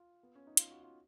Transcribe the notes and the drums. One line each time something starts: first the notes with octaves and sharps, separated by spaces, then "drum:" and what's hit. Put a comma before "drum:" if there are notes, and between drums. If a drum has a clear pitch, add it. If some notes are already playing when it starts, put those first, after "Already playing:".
Already playing: F4
B3
C#4
D#4
F4, drum: hi-hat
F#4
F4